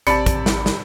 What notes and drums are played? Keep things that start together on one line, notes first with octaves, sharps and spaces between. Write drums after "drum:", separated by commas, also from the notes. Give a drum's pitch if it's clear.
A1 C3 D5 A5 B5 C#7, drum: hi-hat
drum: kick, hi-hat
drum: snare
drum: snare